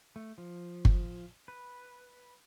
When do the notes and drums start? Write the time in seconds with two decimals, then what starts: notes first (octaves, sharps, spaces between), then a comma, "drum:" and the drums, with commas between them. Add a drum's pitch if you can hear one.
0.16 A3
0.38 F3
0.85 drum: kick G1
1.48 B4